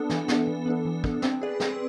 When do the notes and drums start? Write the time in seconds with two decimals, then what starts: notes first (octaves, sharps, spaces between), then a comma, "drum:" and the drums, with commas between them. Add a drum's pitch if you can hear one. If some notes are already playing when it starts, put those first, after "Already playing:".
Already playing: B3 D4 A4
0.10 E3, drum: snare
0.28 B3 D4 A4, drum: snare
0.47 E3
0.66 B3 D4 A4
0.85 E3
1.04 B3 D4 A4, drum: kick
1.22 C4, drum: snare
1.42 G#4 B4 D5
1.60 C4, drum: snare